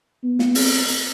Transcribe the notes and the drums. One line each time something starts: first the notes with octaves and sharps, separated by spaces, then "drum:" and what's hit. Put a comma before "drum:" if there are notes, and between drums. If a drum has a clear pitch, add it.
B3
drum: snare
C4, drum: open hi-hat
drum: hi-hat